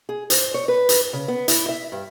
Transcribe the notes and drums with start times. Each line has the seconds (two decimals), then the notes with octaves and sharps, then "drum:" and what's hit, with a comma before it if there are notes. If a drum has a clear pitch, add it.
0.09 G#4
0.30 C5, drum: hi-hat
0.54 C#5
0.68 B4
0.89 drum: hi-hat
1.13 C#3
1.28 B3
1.48 E4, drum: hi-hat
1.69 E5
1.92 G2